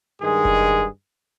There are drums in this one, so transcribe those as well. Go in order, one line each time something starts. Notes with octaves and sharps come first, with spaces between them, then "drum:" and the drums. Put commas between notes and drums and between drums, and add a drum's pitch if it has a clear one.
G2 D#3 G#3 G#4
drum: kick F1